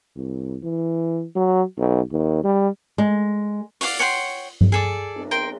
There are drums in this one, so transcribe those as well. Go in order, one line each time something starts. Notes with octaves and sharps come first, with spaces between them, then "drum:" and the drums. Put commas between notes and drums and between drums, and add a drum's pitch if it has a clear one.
C2
E3
F#3
B1
D#2
G3
G#3
D5 F5 F#5 C#6, drum: open hi-hat
C#5 F#5 G5 C6
drum: tom G2
G#4 A4 D5
drum: cymbal
A#4 G5 C6